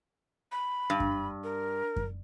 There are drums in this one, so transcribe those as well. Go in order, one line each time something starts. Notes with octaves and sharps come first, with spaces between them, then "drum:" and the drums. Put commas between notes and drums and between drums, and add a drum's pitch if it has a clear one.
B5
G2
drum: kick F#2
A#4
drum: kick F#2